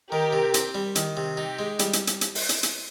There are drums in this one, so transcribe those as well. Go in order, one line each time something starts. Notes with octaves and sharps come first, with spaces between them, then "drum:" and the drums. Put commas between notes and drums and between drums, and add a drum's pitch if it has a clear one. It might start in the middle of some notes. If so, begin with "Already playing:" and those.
D#3 G4 A#4
C3
C4, drum: hi-hat
G3
D#3, drum: hi-hat
C3
D#4 G4
G#3
G3, drum: hi-hat
drum: hi-hat
drum: hi-hat
drum: hi-hat
drum: open hi-hat
drum: hi-hat
drum: hi-hat